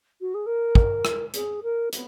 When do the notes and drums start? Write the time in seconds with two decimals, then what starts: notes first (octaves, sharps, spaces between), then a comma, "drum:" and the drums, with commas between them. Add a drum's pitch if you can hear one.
0.21 F#4
0.34 G#4
0.46 A#4
0.75 drum: kick
1.05 drum: rim click
1.34 G#4, drum: hi-hat
1.62 A#4
1.93 B3, drum: hi-hat